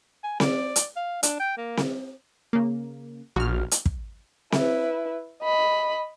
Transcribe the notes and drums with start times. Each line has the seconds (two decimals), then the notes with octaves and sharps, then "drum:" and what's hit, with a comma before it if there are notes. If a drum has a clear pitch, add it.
0.24 G#5
0.40 D5, drum: snare C4
0.76 drum: hi-hat
0.96 F5
1.23 D4, drum: hi-hat
1.40 G5
1.58 A#3
1.77 drum: snare C4
2.53 C#3 A#3
3.36 A#1 F#4 F6
3.71 drum: hi-hat
3.86 drum: kick
4.52 E4 B4, drum: snare C4
5.43 D#5 B5